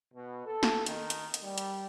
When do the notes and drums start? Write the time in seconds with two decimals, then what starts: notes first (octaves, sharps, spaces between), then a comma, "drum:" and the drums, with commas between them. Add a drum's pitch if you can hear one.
0.14 B2
0.46 A4
0.63 drum: snare
0.86 D#3, drum: hi-hat
1.10 drum: hi-hat
1.34 drum: hi-hat
1.43 G3
1.58 drum: hi-hat